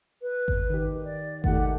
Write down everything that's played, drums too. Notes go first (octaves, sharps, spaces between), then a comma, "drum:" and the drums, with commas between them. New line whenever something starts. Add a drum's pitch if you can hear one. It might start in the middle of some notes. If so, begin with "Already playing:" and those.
B4
drum: kick G#1
D#3 G4
D5
D#3 A3 G4 F#5, drum: kick G#1